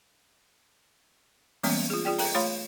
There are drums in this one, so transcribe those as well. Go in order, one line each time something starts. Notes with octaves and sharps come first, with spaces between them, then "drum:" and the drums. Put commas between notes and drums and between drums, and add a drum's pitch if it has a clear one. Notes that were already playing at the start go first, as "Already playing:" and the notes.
E3 G3 G#3 A#3 B3 C#4, drum: open hi-hat
F4 G#4
F4 G#4 D5 G5
A4 G5 A#5, drum: open hi-hat
A3 F4 C#5 F5 B5 C6